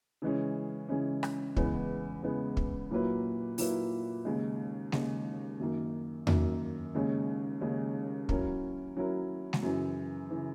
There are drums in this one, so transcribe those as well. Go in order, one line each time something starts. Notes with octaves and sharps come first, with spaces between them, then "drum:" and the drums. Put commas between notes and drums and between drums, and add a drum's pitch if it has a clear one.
C#3 E3 G#3 C#4
C#3 E3 G#3 C#4
drum: rim click
E2 C#3 G#3 B3, drum: kick
E2 C#3 G#3 B3
drum: kick
A#2 F#3 A#3 E4 B4
A#2 F#3 A#3 E4 B4, drum: open hi-hat
D#2 C#3 G#3
D#2 C#3 G#3, drum: snare
F#2 D#3 A#3
F#2 D#3 A#3, drum: tom E2
D#2 C#3 G#3 C#4
D#2 C#3 G#3 C#4
F#3 C#4 E4 A#4, drum: kick
F#3 C#4 E4 A#4
drum: snare
F#2 C#3 E3
C#3 E3